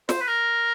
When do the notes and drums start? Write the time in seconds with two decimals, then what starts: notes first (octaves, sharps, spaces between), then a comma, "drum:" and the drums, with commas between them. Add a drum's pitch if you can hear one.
0.09 C5, drum: snare
0.21 B4
0.27 A#4